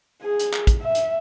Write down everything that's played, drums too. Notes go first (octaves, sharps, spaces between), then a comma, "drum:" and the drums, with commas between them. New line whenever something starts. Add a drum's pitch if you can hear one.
G#4
drum: hi-hat
drum: clap
drum: kick, hi-hat
E5
drum: hi-hat